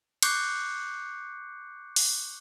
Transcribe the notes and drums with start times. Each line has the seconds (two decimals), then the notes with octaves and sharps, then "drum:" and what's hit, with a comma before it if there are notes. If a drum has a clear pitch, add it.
0.23 C#6 D6 F#6 G6 C7 C#7, drum: cymbal
1.96 drum: open hi-hat